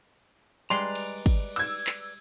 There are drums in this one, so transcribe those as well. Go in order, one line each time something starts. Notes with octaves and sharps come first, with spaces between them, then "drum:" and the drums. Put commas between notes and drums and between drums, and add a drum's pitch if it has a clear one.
G3 G#3 B4 D5 A#5 C6
drum: cymbal
drum: kick, cymbal
E6 G#6, drum: cymbal
drum: clap